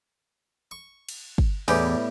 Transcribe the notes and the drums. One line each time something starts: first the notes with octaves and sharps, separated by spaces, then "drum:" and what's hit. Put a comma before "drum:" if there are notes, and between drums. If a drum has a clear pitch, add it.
C#6
drum: cymbal
drum: kick
E2 A2 G3 G4, drum: cymbal